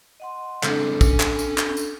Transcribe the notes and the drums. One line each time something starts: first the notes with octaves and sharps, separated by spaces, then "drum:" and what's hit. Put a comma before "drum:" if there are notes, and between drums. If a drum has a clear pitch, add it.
D#5 F#5 C6
C#3 G#3 C4 D4 A4, drum: clap
C#4, drum: kick, tambourine
drum: clap
drum: tambourine
drum: clap
drum: tambourine